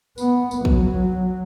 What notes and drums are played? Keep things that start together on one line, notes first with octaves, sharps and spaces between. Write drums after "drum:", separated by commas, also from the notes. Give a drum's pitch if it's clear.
B3, drum: tambourine
drum: tambourine
F#3, drum: kick